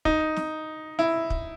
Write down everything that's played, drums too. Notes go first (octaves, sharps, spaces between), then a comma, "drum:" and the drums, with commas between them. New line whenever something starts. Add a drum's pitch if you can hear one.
D#4, drum: kick
drum: snare
E4
drum: kick